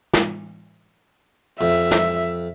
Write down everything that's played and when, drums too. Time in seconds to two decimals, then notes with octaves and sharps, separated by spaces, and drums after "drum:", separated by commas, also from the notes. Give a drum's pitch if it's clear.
0.13 drum: snare
1.61 F2 E5
1.91 drum: snare